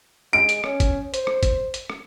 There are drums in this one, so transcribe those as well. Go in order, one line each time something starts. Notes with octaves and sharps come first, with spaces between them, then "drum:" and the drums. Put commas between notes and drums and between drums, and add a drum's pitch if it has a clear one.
G#3 D7
drum: hi-hat
C#4, drum: rim click
drum: kick G1, hi-hat
C5, drum: hi-hat
drum: rim click
drum: kick G1, hi-hat
drum: hi-hat
drum: rim click